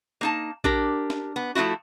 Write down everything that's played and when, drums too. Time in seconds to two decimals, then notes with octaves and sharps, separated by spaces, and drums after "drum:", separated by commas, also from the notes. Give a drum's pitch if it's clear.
0.21 A#3 D#4 A5
0.64 D4 G4 A#4, drum: kick A#1
1.10 drum: snare
1.36 B3
1.55 F3 A3 D#4 E4 F#4